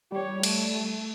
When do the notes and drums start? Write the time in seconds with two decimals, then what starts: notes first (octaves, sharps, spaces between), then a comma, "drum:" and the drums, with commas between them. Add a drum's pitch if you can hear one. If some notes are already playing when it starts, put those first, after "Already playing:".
0.12 G3 G4 C#5
0.43 A3, drum: cymbal